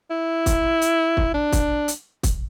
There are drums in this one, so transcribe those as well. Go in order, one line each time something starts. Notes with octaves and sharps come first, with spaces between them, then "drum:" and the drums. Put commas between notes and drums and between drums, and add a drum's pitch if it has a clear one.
E4
drum: kick, hi-hat
drum: hi-hat
drum: kick
D4
drum: kick, hi-hat
drum: hi-hat
drum: kick, hi-hat